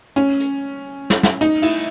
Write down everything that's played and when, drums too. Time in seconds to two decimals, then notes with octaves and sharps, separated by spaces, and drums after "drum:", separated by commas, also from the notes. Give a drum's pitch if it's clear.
0.16 C#4
0.40 drum: hi-hat
1.10 drum: snare
1.23 drum: snare
1.41 D#4, drum: hi-hat
1.62 E4, drum: cymbal